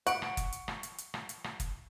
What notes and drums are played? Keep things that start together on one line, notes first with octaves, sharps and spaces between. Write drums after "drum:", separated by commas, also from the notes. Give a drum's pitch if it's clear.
F#5 C#6 D7, drum: hi-hat
drum: rim click
drum: kick F#1, hi-hat
drum: hi-hat
drum: rim click
drum: hi-hat
drum: hi-hat
drum: rim click
drum: hi-hat
drum: rim click
drum: kick F#1, hi-hat